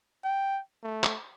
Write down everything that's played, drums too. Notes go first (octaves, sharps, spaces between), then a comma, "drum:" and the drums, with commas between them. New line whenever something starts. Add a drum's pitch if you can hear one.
G5
A3
drum: clap